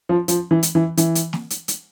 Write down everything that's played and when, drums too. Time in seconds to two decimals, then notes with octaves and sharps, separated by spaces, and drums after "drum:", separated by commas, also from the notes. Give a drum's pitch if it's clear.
0.09 F3
0.28 F3, drum: hi-hat
0.51 E3
0.63 drum: hi-hat
0.75 E3
0.97 E3, drum: hi-hat
1.15 drum: hi-hat
1.33 drum: snare
1.50 drum: hi-hat
1.68 drum: hi-hat